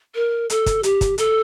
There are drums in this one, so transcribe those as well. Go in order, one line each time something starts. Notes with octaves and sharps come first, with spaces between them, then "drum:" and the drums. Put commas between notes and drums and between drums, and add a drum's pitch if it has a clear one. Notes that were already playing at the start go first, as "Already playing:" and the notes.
A#4
A4, drum: hi-hat
drum: kick, hi-hat
G4, drum: hi-hat
drum: kick, hi-hat
A4, drum: hi-hat